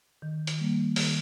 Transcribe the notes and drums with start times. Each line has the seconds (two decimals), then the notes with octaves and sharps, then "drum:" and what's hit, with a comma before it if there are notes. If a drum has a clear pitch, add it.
0.22 D#3
0.47 drum: hi-hat
0.60 G3 A#3
0.96 D#3, drum: open hi-hat